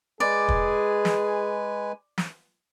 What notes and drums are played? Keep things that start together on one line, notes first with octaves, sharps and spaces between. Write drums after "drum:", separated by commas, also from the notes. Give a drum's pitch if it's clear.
G#3 G#4 B4 D5 G#5
drum: kick
drum: snare
drum: snare